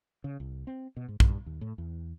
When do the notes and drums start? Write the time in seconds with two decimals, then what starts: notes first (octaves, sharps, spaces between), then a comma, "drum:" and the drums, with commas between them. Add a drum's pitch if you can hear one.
0.24 C#3
0.40 C2
0.67 C4
0.97 B2
1.08 G#2
1.20 G2, drum: kick
1.46 D#2
1.61 A2
1.78 E2